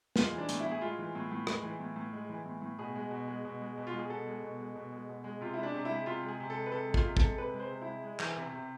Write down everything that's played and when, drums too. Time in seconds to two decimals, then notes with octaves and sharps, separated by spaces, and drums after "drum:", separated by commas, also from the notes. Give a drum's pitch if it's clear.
0.16 G#3 F4, drum: snare
0.32 E3
0.38 D4
0.49 A2, drum: hi-hat
0.60 E4
0.66 A2
0.71 G#4
0.81 G#3 F4
0.99 E3
1.15 A2
1.31 A2
1.47 G#3, drum: rim click
1.63 E3
1.80 A2
1.96 A2
2.13 G#3
2.29 E3
2.45 A2
2.62 A2
2.79 B2 G#4
2.96 G#3
3.11 B2
3.28 G#3
3.45 B2
3.61 G#3
3.77 B2
3.87 F4
3.93 G#3
3.99 G#4
4.09 B2 A4
4.26 G#3
4.43 B2
4.60 G#3
4.75 B2
4.92 G#3
5.09 B2
5.24 G#3
5.41 C3 F4
5.54 E4
5.58 G#3
5.63 D4
5.74 C3
5.85 E4
5.90 G#3
6.06 C3 F4
6.23 G#3
6.28 G#4
6.40 C3
6.50 A4
6.57 G#3
6.66 B4
6.72 C3 A4
6.88 G#3
6.94 F4, drum: kick
7.05 C3
7.17 A4, drum: kick
7.22 G#3
7.38 C3 B4
7.54 G#3
7.59 C5
7.71 C3
7.82 E4
7.87 G#3
8.03 G#3
8.19 E3, drum: clap
8.36 C3
8.52 C3